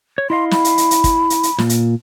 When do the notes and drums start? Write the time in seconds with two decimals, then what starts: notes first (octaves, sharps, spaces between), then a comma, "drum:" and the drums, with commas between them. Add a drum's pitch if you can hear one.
0.18 C#5
0.30 E4 D#5 F5 C6
0.51 B5, drum: snare
0.64 drum: hi-hat
0.78 drum: hi-hat
0.91 drum: hi-hat
1.04 drum: kick, hi-hat
1.30 drum: hi-hat
1.43 drum: hi-hat
1.58 A#2, drum: snare
1.69 drum: hi-hat